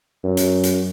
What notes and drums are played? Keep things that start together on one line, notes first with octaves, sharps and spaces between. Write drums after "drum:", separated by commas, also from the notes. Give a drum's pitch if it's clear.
F#2
drum: hi-hat
drum: hi-hat